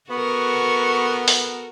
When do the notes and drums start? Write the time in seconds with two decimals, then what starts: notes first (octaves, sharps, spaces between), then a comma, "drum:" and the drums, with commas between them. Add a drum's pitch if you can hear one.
0.10 B3 F#4 A4 A#4 C#6
1.28 drum: open hi-hat